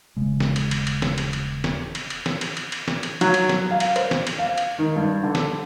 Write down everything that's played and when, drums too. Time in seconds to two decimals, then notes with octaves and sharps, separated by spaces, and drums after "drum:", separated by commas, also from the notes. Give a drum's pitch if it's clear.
0.16 D#1 C#3 G#3
0.40 drum: snare
0.56 drum: cymbal
0.71 drum: cymbal
0.87 drum: cymbal
1.02 drum: snare
1.18 drum: cymbal
1.33 drum: cymbal
1.64 drum: snare
1.95 drum: cymbal
2.10 drum: cymbal
2.26 drum: snare
2.41 drum: cymbal
2.57 drum: cymbal
2.72 drum: cymbal
2.88 drum: snare
3.03 drum: cymbal
3.21 F#3, drum: cymbal
3.34 drum: cymbal
3.49 drum: snare
3.71 F5
3.80 drum: cymbal
3.96 C5, drum: cymbal
4.11 drum: snare
4.27 drum: cymbal
4.38 F5
4.58 drum: cymbal
4.79 D#3
4.96 G2
5.23 D3
5.35 drum: snare